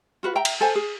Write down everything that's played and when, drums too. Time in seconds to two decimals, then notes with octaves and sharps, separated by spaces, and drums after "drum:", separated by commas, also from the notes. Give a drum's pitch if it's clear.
0.23 F4 F#4 B4
0.35 E5 G5 A#5
0.45 drum: cymbal
0.61 A4 C5 G#5
0.75 G#4